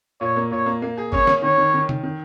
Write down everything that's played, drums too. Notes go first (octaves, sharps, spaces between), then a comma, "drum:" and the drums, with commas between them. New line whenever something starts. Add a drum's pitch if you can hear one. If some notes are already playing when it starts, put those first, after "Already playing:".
A#2 C#5
A#3
A#2 C#5
A#3
A#3
G#4
C#4 C#5, drum: kick G1
C#4, drum: snare
D#3 C#5
D#3
D#3
D#3, drum: tom
D#3